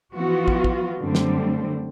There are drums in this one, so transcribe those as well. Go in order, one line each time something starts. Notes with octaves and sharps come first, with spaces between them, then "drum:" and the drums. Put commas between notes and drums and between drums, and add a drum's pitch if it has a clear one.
E3 F3 B3 F4 F#4
drum: kick
drum: kick
F#2 D3 G3 A3 C4
drum: snare